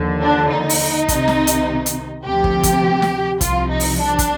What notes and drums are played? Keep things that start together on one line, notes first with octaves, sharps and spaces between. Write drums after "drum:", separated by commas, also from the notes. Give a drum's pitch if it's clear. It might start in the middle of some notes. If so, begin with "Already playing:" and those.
Already playing: D#2 D3 F3
D4
D#4
drum: open hi-hat
C2 C3 D#3, drum: kick, hi-hat
drum: snare
drum: hi-hat
drum: hi-hat
D2 C3 F3 G4
drum: kick
drum: kick, hi-hat
drum: snare
C2 C3 F3 F4, drum: kick, hi-hat
D#4
drum: open hi-hat
D4
drum: kick, hi-hat